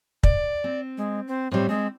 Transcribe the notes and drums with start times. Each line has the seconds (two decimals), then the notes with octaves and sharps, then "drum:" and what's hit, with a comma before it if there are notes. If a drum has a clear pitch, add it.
0.23 D5, drum: kick
0.64 C4
0.97 G#3
1.28 C4
1.51 A2 G3 C4
1.69 G#3 C4